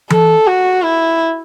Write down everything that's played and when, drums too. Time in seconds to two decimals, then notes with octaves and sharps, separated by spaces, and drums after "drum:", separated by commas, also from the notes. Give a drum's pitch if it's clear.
0.10 A4, drum: tom E3
0.47 F#4
0.84 E4